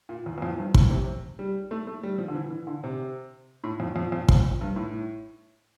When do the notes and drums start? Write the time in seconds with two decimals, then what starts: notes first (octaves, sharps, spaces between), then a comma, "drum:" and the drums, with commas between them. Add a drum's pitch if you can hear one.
0.09 A#2
0.26 E2
0.38 E2
0.42 F2
0.58 G2
0.74 A2, drum: kick
0.91 C3
1.39 G3
1.71 A3
1.87 A3
2.03 G3
2.18 F3
2.28 D3
2.34 E3
2.51 E3
2.67 D3
2.84 C3
3.64 A2
3.80 F2
3.96 F2
4.12 F2
4.29 F2, drum: kick
4.61 G2
4.76 A2